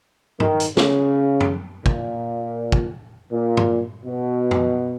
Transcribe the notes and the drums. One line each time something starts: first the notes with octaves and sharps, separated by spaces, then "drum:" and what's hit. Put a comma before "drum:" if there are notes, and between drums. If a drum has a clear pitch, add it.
D#3, drum: tom G2
drum: hi-hat
C#3, drum: snare
drum: tom F#2
A#2, drum: kick
drum: kick
A#2
drum: tom G2
B2
drum: tom F#2